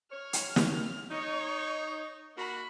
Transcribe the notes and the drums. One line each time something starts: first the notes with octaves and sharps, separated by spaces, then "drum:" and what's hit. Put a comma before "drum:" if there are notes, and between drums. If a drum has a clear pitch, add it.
C#5 F6
drum: hi-hat
drum: snare
D#4 C#5
A#3 F#4 B5